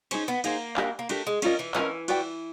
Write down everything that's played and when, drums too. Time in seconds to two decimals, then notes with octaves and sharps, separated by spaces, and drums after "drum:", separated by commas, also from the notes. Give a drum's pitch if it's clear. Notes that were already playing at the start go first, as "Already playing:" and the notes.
0.11 C#4 D#4 G#4 C5, drum: cymbal
0.28 B3
0.44 A#3 D#4 G#4 C5, drum: cymbal
0.77 D4 G4 A#4, drum: clap
0.99 A#3
1.09 A3 D4 G4 A#4, drum: cymbal
1.27 G#3
1.42 G3 C#4 F4 A#4 D#5, drum: cymbal
1.59 E3
1.75 E3 C#4 F4 A#4 D#5, drum: clap
2.08 F#4 B4 D5 G5, drum: cymbal